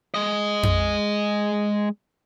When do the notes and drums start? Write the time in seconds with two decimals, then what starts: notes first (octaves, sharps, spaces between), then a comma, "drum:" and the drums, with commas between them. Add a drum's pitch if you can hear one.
0.14 G#3 D#5
0.63 drum: tom F2